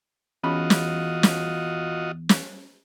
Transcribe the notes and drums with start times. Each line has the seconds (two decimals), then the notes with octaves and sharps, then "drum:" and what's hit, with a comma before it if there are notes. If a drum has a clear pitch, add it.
0.44 E2 C#4 F4 F#4 D#5 B5
0.70 drum: snare
1.23 drum: snare
2.29 drum: snare